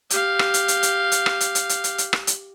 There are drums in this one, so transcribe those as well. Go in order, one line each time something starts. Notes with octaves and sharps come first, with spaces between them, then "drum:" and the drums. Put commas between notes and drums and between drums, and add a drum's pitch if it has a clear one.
G4 F5, drum: hi-hat
drum: rim click
drum: hi-hat
drum: hi-hat
drum: hi-hat
drum: hi-hat
drum: rim click
drum: hi-hat
drum: hi-hat
drum: hi-hat
drum: hi-hat
drum: hi-hat
drum: rim click
drum: hi-hat